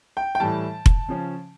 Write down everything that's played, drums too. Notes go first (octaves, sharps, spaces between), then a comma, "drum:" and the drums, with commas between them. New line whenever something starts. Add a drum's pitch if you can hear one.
G5
G5
A2 E3 G3 A5
drum: kick F1
C#3 F3 C#4